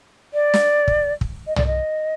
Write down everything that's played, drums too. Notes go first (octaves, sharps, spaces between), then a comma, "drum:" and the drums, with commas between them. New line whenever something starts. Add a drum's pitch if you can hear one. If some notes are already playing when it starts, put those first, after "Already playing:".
D5
drum: snare
drum: kick
drum: kick
D#5
D5, drum: tom
D#5